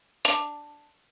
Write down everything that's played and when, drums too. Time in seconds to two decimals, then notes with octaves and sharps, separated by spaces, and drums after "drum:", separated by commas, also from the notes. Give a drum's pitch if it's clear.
0.25 D4, drum: hi-hat